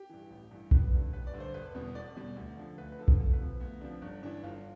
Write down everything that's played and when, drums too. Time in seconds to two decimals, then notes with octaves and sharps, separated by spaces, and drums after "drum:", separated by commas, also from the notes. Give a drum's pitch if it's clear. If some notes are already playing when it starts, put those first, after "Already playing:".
Already playing: G4
0.09 G2 E3
0.30 A1
0.51 G2 E3
0.71 A1 B4, drum: kick A#1
0.92 G2 D3
1.13 A1 B4
1.27 D5
1.34 G2 D3
1.40 C5
1.54 E1 B4
1.74 E2 B2 G3
1.95 E1 D5
2.16 E2 B2 G3
2.36 D2
2.57 D3 F3
2.78 D2 B4
2.92 B4
2.99 D3 F3 A4
3.08 drum: kick A#1
3.19 D2 A4
3.33 B4
3.40 C3 F3
3.60 D2 B3
3.81 C3 F3 D4
4.02 G1 D4
4.23 G2 E3 D4
4.43 G1 F4